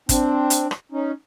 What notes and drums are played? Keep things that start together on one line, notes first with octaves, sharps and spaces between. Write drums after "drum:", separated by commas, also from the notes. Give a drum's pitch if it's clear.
C4 D4, drum: kick, hi-hat
drum: hi-hat
drum: rim click
C#4 D#4